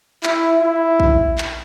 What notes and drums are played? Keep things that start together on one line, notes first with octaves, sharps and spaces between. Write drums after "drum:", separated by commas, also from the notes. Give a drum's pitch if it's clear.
E4, drum: clap
E4
drum: kick A#1
drum: clap